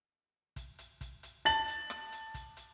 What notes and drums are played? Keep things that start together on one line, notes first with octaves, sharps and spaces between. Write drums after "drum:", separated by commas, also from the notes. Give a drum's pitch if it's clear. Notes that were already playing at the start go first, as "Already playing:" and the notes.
drum: kick, hi-hat
drum: hi-hat
drum: kick, hi-hat
drum: hi-hat
A5 A6 F#7, drum: hi-hat
drum: hi-hat
drum: rim click
drum: hi-hat
drum: kick, hi-hat
drum: hi-hat